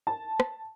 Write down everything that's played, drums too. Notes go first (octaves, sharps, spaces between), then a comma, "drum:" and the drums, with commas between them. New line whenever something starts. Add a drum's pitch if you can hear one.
A5
drum: rim click